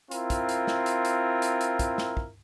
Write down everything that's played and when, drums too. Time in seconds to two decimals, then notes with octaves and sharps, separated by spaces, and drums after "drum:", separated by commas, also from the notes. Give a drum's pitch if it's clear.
0.11 C4 E4 F4 A#4, drum: hi-hat
0.30 drum: kick, hi-hat
0.49 drum: hi-hat
0.67 drum: snare
0.86 drum: hi-hat
1.05 drum: hi-hat
1.42 drum: hi-hat
1.61 drum: hi-hat
1.79 drum: kick, hi-hat
1.98 drum: snare
2.17 drum: kick